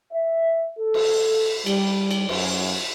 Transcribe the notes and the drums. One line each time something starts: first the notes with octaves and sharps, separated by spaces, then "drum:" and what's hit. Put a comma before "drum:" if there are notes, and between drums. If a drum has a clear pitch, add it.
E5
A4
drum: cymbal
G3, drum: cymbal
drum: cymbal
F#2, drum: cymbal